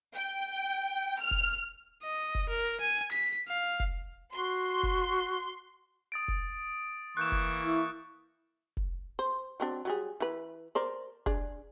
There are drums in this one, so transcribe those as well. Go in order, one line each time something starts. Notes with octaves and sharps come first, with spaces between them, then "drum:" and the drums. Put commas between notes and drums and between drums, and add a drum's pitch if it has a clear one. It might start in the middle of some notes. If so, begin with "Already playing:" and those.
G5
F6
drum: kick F1
D#5
drum: kick F1
A#4
G#5
B6
F5
drum: kick F1
F#4 C6
drum: kick F1
D#6 A6 D7
drum: kick F1
E3 A#3 C#6 F#6 G6 E7
drum: kick F1
E4
drum: kick F1
C5
F#3 C4 D4
F#3 G3 G#4
E3 B4
A#4 C5 D5
D4 G#4, drum: kick F1